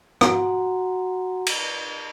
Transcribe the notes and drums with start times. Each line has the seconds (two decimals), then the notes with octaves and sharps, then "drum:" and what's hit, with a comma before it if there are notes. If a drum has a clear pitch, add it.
0.21 F#4 F#5 A#5 C6, drum: rim click
1.46 drum: cymbal